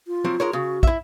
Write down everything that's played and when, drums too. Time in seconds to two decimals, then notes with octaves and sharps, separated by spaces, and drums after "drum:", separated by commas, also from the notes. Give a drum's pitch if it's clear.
0.08 F4
0.25 F3 F#3 C4
0.40 G#3 A#4 C#5
0.53 C#3 F#4
0.83 E4 E5, drum: kick